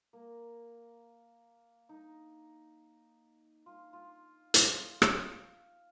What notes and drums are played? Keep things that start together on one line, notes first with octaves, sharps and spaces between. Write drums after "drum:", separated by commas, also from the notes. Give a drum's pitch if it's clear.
A#3
D#4
F4
F4
F4, drum: hi-hat
drum: rim click